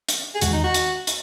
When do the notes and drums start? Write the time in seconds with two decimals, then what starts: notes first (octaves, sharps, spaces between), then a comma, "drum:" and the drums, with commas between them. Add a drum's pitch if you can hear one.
0.09 drum: hi-hat
0.35 G#4
0.41 E2 D#3 G#3 F#4, drum: hi-hat
0.52 D#4
0.64 F#4
0.74 drum: hi-hat
1.07 drum: hi-hat